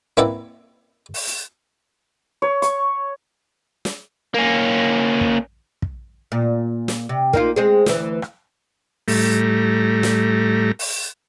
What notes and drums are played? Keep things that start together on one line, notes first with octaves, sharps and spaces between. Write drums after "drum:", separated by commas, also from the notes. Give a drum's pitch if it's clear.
A#3 C4 E4 B4 D5 F#5
drum: open hi-hat
drum: hi-hat
C#5
C#6, drum: hi-hat
drum: snare
A#3 C#4
drum: kick
drum: kick
A#2
drum: snare
C3
A#3 D#4 F4, drum: kick
G#3 C4 G#4
D2 E3, drum: snare
drum: rim click
A2 G3 A3 A#5, drum: open hi-hat
drum: snare
drum: open hi-hat